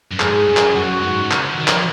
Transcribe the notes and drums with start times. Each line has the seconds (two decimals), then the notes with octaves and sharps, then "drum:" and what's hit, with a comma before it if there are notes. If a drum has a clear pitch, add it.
0.11 F#2
0.20 G#2 G#4, drum: clap
0.47 F#2
0.57 drum: clap
0.75 F#2 F#4
1.03 G#2
1.31 C#3, drum: clap
1.49 D#3
1.60 D#3
1.68 F3, drum: clap